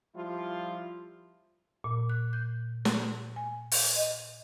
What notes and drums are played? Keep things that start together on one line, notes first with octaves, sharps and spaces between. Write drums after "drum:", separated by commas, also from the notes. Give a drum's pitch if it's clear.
F3 G3 E4 F4
A#2
F#6
G6
drum: snare
G#5
drum: open hi-hat
D#5